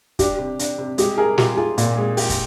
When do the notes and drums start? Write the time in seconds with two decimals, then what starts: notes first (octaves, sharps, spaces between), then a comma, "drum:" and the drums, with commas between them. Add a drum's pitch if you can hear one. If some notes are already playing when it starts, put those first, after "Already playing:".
0.19 D4 G4, drum: kick, hi-hat
0.39 C3
0.59 D4, drum: hi-hat
0.78 C3
0.98 G#3 G4, drum: hi-hat
1.17 G#4 A#4
1.38 F4 G4, drum: snare
1.57 F4 G#4
1.78 A#2, drum: hi-hat
1.98 G#3
2.17 G4, drum: open hi-hat
2.30 drum: kick, hi-hat